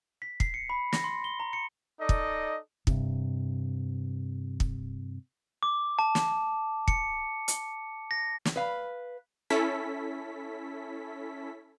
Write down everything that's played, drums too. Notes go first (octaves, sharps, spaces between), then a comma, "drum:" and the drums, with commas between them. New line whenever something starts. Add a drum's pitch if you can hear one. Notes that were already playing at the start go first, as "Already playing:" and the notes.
B6
C7, drum: kick
C#7
B5
A#6, drum: snare
C6
G7
A#5
C#7
D#4 A4 D5 D#5
drum: kick
G2 C3, drum: kick
drum: kick
D6
A5
drum: snare
C#7, drum: kick
drum: hi-hat
A#6
drum: snare
B4 F5
C#4 E4 A4 B6